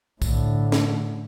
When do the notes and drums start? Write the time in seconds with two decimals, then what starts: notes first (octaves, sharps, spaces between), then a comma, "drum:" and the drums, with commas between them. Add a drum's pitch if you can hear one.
0.22 A2 D3, drum: kick, tambourine
0.72 drum: snare